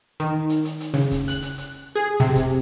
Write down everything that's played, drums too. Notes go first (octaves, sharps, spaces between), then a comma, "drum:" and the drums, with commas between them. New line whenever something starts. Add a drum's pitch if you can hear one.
D#3
drum: hi-hat
drum: hi-hat
drum: hi-hat
C#3, drum: snare
drum: kick, hi-hat
F#6, drum: hi-hat
drum: hi-hat
drum: hi-hat
G#4
C3, drum: snare
drum: kick, hi-hat